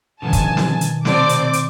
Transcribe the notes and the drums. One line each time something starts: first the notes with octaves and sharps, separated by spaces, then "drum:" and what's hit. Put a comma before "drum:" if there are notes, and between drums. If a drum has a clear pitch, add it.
B2 D3 D#3 F3 G3 B3 G#5 A5
drum: kick, hi-hat
drum: snare
drum: hi-hat
C3 A3 C4 C5 D5 A5 D6, drum: snare
drum: hi-hat
drum: hi-hat